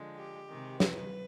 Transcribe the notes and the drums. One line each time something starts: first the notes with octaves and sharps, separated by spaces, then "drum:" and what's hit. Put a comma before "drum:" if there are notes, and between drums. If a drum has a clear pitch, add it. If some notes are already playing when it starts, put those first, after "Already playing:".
Already playing: D3 F3 G#3
G4
C3 D#3 G#3
B4, drum: snare